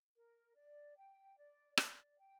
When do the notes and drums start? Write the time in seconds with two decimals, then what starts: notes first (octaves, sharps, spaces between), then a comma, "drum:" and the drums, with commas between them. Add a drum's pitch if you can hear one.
0.16 A#4
0.56 D5
0.98 G5
1.38 D5
1.77 D5, drum: rim click
2.19 G5